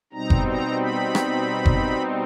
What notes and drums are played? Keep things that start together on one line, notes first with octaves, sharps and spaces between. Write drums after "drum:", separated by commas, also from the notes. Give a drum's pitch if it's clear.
B2 G3 C4 D#4 A#5
drum: kick F#1
A#5
B5
drum: rim click
drum: kick F#1